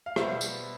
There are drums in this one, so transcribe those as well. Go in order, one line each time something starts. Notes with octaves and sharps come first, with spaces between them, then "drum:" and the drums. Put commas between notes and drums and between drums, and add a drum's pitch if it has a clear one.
F5
B2 G3 B3 C5 E5, drum: rim click
drum: tambourine